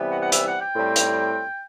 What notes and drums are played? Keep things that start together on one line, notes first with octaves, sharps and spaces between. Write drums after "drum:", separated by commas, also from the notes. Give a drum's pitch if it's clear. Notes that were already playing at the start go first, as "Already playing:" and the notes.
Already playing: C3 E3 G3 B3
F#5
F#5
E5, drum: hi-hat
F#5
G5
A2 G3 C4
drum: hi-hat